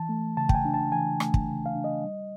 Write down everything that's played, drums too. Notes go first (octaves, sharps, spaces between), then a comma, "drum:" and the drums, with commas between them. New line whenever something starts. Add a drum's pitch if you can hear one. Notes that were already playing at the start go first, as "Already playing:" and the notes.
Already playing: E3 A5
A3
C#3 A5
G5, drum: kick
G#5
D4
A5
E3 G#5
A3, drum: rim click
drum: kick
C#3
F5
D4
D#5
G3